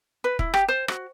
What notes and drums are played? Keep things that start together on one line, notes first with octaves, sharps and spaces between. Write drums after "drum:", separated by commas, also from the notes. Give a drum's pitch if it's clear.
B4
E4, drum: kick
G4, drum: rim click
C5
F#4, drum: rim click